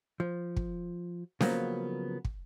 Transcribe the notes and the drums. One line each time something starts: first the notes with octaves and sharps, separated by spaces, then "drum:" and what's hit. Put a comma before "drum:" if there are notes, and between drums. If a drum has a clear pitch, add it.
F3
drum: kick
C#3 F3 F#3 A#3 B3, drum: snare C#4
drum: kick